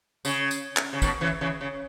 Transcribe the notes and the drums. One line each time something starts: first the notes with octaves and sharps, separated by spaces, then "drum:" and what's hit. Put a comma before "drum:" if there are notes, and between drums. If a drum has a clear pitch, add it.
C#3, drum: tambourine
drum: tambourine
drum: clap
C#3
B2 D#3, drum: kick, tambourine
C#3 E3
C#3 E3
C#3